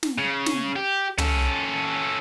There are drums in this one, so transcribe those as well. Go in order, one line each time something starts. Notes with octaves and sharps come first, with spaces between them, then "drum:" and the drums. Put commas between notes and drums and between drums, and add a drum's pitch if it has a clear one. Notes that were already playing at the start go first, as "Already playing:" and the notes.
drum: snare
C#3
drum: snare
G4
C#4 A4, drum: tom